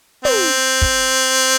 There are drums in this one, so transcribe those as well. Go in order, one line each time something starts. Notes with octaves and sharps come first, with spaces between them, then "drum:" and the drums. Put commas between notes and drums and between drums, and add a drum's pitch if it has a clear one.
C4, drum: tom
drum: kick